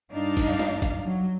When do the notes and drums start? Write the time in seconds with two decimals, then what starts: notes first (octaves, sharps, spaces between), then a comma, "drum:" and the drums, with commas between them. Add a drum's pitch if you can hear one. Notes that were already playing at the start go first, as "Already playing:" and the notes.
0.12 G2 D4 D#4 F5
0.37 drum: kick, open hi-hat
0.59 drum: snare
0.82 drum: kick, hi-hat
1.05 F#3